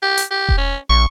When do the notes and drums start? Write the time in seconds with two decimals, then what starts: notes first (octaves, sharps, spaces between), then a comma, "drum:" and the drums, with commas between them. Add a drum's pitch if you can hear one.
0.02 G4
0.18 drum: hi-hat
0.31 G4
0.49 drum: kick E1
0.58 C#4
0.90 A#1 C#6